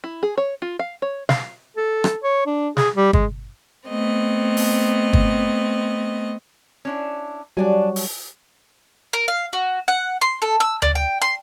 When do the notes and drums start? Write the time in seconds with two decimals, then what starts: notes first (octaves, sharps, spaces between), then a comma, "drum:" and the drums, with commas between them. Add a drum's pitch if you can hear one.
0.04 E4
0.23 G#4
0.38 C#5
0.62 F4
0.79 F5
1.02 C#5
1.29 F5, drum: snare
1.77 A4
2.04 drum: rim click
2.23 C#5
2.46 D4
2.77 G#4, drum: snare
2.96 G3
3.13 G#3, drum: kick
3.87 A3 B3 C4 D#5
4.57 drum: open hi-hat
5.13 drum: kick
6.85 C#4 D4 E4
7.57 F#3 G3 D4 F#4 D5 G#5
7.96 drum: open hi-hat
9.13 A#4
9.28 F5
9.53 F#4
9.88 F#5
10.21 C6
10.42 A4
10.60 E6
10.82 D5, drum: tom D2
10.95 G5
11.22 C6